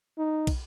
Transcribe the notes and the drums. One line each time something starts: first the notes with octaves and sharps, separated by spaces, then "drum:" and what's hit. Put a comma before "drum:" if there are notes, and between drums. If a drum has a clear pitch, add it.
D#4
drum: kick, cymbal